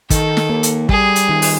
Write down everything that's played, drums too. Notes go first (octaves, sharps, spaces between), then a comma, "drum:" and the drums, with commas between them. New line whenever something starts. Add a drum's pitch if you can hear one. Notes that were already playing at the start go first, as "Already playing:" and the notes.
D#3 A4, drum: kick, hi-hat
drum: snare
A#3
drum: hi-hat
G3 G#4, drum: kick
drum: hi-hat
D#3
drum: open hi-hat